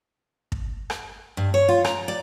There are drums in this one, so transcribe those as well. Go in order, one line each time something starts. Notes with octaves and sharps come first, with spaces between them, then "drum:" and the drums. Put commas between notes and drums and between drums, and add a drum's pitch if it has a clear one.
drum: kick
drum: rim click
G2
C#5
F4
A#5, drum: rim click
D5